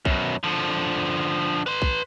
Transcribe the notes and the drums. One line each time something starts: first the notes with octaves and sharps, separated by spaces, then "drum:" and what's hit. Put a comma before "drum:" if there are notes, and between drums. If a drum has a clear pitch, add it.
F#2 B2, drum: kick B1
D3 F3
B4 C6
drum: kick B1